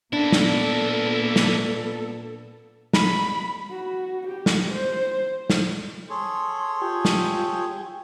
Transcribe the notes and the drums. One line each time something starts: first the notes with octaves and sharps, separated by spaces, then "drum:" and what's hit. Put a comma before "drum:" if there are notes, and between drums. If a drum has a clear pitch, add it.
A#2 A#3 B3 D4 E4 A4
drum: snare
drum: snare
B5, drum: snare
F#4
G4
drum: snare
C5
drum: snare
G#4 A4 C#5 C6
F4 G4 G5 G#5
drum: snare